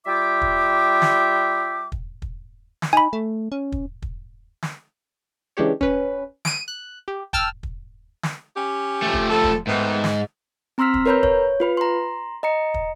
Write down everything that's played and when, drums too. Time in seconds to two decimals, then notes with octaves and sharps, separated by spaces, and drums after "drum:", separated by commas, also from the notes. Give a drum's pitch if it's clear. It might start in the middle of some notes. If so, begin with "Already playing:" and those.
0.06 G3 F4 E5 G5 D6
0.42 drum: kick
1.02 drum: snare
1.92 drum: kick
2.22 drum: kick
2.82 drum: snare
2.93 D#4 G#5 B5
3.13 A3
3.52 C#4
3.72 drum: kick
4.02 drum: kick
4.63 drum: snare
5.57 C#3 E3 G#3 D4 G4 C#5
5.81 C#4 B4, drum: kick
6.45 D7 D#7, drum: snare
6.68 F#6
7.08 G4
7.33 G5 A5 E6 F6, drum: kick
7.63 drum: kick
8.23 drum: snare
8.56 C#4 G4
9.02 F3 A3
9.14 drum: kick
9.29 G3 A4
9.44 drum: kick
9.67 G#2 D#3 A3 B3
10.04 drum: snare
10.78 C4 A#5 C6 E6 F6 B6
10.94 drum: kick
11.06 A#4 B4 C#5 A#5 B5 G6
11.23 C#5, drum: kick
11.60 F4 B4 B5
11.77 A#5 C6
12.43 D#5 A#5 C#7
12.74 drum: kick